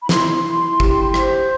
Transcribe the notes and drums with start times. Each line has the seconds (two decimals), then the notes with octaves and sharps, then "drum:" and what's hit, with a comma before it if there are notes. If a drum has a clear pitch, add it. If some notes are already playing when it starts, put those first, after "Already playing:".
0.02 B5
0.09 E4 C6, drum: snare
0.44 E4
0.80 G4, drum: kick G#1
1.14 C5, drum: rim click